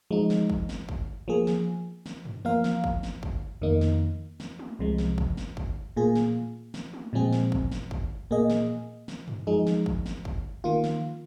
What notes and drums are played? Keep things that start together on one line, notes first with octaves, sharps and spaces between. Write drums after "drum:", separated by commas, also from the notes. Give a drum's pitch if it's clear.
F3 G#3 D#4
drum: snare
drum: kick
drum: snare
drum: kick
F3 A#3 G#4
drum: snare
drum: snare
drum: tom
F3 A#3 F4 A#4 F5
drum: snare
drum: kick
drum: snare
drum: kick
F2 D#3 A#3 D#4
drum: snare
drum: snare
drum: tom
C2 C3 F3 G#3
drum: snare
drum: kick
drum: snare
drum: kick
A#2 A#3 F4 G#4
drum: snare
drum: snare
drum: tom
A#2 F3 G#3 C4 G#4
drum: snare
drum: kick
drum: snare
drum: kick
A#2 A#3 G#4 D#5
drum: snare
drum: snare
drum: tom
F3 G#3 D#4 G#4
drum: snare
drum: kick
drum: snare
drum: kick
D#3 A#3 F4
drum: snare